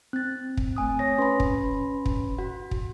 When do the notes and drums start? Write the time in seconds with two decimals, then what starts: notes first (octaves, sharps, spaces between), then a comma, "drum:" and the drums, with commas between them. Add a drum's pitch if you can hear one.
0.13 C4 F#6 A6
0.57 drum: kick
0.76 A3 G#5 D#6
0.99 C#5 G#5 A#6
1.18 C#4 B4 B5 C6
1.40 drum: kick
2.06 drum: kick
2.38 F#4 F#5
2.71 drum: kick